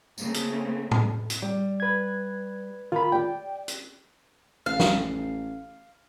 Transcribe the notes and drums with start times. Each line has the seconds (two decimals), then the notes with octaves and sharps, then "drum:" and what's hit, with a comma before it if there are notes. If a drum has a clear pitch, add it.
0.18 C#3 A3 A#3 C4, drum: tambourine
0.34 drum: hi-hat
0.91 drum: tom A2
1.30 drum: hi-hat
1.42 G3
1.80 B4 G#6
2.92 D#3 F4 B5
3.12 G4 D5 G5
3.68 drum: hi-hat
4.66 A1 F5
4.80 drum: snare